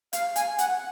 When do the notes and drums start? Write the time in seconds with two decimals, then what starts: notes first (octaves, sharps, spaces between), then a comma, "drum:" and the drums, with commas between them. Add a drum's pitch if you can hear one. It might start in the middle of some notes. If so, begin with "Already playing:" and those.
0.13 F5, drum: hi-hat
0.36 G#5, drum: hi-hat
0.58 F#5, drum: hi-hat